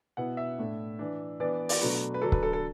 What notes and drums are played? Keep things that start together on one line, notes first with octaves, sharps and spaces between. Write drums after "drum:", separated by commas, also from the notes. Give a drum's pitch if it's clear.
B2 B3 E4 F#5
E5
A2 A3 D4
E3 D4
E3 B3 D4 D5
D5, drum: open hi-hat
B2 F#3 A3 D4 B4
B4
D3 F#3 D4 A4
B4, drum: kick C#1
A4
A4